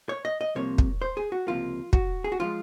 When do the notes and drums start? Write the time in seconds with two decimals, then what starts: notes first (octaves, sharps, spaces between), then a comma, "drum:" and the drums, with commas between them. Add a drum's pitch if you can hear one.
0.09 C#5
0.25 D#5
0.41 D#5
0.55 C2 C3 F3 A#3 C#5
0.78 drum: kick
1.02 C5
1.17 G#4
1.32 F#4
1.47 C#2 C3 F3 A#3 F4
1.93 F#4, drum: kick
2.24 G#4
2.32 F#4
2.40 F3 G#3 F4